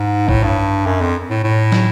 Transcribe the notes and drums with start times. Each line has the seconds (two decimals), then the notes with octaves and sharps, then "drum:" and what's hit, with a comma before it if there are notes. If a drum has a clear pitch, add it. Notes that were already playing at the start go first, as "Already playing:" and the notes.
Already playing: G#2
0.28 A2, drum: kick A#1
0.43 G2
0.86 F#2
1.01 F2
1.30 A2
1.44 A2
1.72 drum: snare